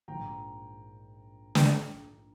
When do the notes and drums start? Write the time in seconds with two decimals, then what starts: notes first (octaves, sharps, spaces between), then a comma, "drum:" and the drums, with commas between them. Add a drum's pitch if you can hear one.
0.08 A#1 G#2 D#3 G5 A#5
1.55 drum: snare